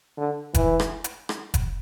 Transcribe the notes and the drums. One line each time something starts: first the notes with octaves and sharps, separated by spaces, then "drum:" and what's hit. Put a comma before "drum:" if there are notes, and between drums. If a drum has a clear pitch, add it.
D3
E3, drum: kick F1, hi-hat
drum: rim click
drum: hi-hat
drum: rim click
drum: kick F1, hi-hat